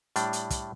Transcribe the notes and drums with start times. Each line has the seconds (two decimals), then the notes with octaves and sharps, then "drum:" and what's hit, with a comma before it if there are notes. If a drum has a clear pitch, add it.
0.16 A2 G3 D4, drum: hi-hat
0.33 drum: hi-hat
0.50 drum: kick, hi-hat